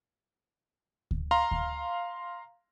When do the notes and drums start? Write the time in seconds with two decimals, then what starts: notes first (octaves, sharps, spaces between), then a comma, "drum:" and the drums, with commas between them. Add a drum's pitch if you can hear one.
1.11 drum: kick D2
1.31 F5 A#5 C6
1.51 drum: kick D2